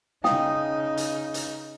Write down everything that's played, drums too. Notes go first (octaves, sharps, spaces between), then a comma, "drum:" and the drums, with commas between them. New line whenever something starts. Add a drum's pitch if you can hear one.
C#3 D#4 F5 G5 D#6, drum: snare
drum: hi-hat
drum: hi-hat